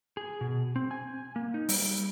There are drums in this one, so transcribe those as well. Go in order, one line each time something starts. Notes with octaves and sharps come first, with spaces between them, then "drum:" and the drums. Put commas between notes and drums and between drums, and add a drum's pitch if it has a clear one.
G#4
B2
C4
G#5
A#3
D#4
G3, drum: open hi-hat